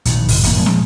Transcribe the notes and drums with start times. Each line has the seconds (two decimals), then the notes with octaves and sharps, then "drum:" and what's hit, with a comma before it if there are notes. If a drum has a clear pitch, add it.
0.05 A#1 A#2 D#3, drum: hi-hat
0.29 F#1, drum: kick, open hi-hat
0.43 D#1 A#3, drum: kick, hi-hat
0.56 A#2 F3 G#3
0.66 drum: snare